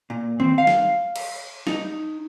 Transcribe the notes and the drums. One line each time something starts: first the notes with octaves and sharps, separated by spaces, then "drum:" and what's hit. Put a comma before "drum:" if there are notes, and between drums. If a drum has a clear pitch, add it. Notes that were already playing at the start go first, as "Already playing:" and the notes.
A#2
C4, drum: tom D#3
F5
drum: snare
drum: cymbal
D#4, drum: snare